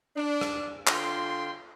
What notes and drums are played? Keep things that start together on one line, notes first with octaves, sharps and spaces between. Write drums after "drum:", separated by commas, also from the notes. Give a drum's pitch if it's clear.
D4
drum: rim click
D3 F4 G5 C6, drum: clap